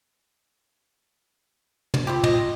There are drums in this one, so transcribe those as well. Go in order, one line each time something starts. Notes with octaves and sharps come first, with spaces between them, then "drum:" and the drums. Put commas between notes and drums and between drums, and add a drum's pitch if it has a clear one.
drum: tom
G3 C4 F4 G4
D#5, drum: tom